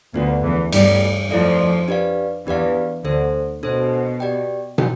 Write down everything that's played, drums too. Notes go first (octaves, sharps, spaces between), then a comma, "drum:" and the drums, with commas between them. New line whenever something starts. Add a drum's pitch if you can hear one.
D2 D3 B3 F4 B4
E2 E3
G2 G3 A3 E4 A4 D5, drum: cymbal
F2 F3 A3 E4 A4 D5
D4 G4 B4 D5 F5
E2 E3 D4 G4 B4 D5 F5
D2 D3 D4 A4 C5
B2 D4 A4 C5
G4 D5 G5
G5, drum: tom